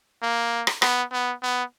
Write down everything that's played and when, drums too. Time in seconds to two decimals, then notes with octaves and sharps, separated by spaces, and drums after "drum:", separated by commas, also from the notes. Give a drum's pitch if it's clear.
0.22 A#3
0.67 drum: rim click
0.82 B3, drum: rim click
1.12 B3
1.42 B3